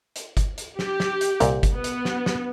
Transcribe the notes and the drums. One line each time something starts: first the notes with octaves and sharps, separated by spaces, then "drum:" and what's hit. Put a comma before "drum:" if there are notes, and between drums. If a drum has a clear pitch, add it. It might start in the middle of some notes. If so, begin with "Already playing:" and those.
drum: hi-hat
drum: kick G1, hi-hat
drum: hi-hat
G4, drum: snare
drum: snare
drum: hi-hat
C2 A#2, drum: hi-hat
drum: kick G1, hi-hat
B3
drum: hi-hat
drum: snare
drum: snare